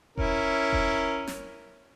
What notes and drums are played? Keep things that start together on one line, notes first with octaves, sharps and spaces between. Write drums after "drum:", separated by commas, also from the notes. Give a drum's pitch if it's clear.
C#4 E4 A#4, drum: kick E1
drum: kick E1
drum: snare